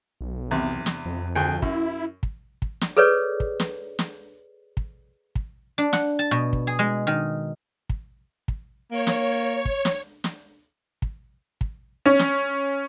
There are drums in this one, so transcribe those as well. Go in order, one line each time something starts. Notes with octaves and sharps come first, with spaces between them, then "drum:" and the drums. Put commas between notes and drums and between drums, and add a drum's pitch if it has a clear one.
B1
E2 C3
drum: snare
F2
D2 G#4 G5
F#2 E4, drum: kick
drum: kick
drum: kick
drum: snare
G#4 A4 B4 C#5 D5
drum: kick
drum: snare
drum: snare
drum: kick
drum: kick
D4
F#5, drum: snare
A5
B2
drum: kick
G#4
G#3
D#3
drum: kick
drum: kick
A#3 C#5
drum: snare
drum: kick
drum: snare
drum: snare
drum: kick
drum: kick
C#4
drum: snare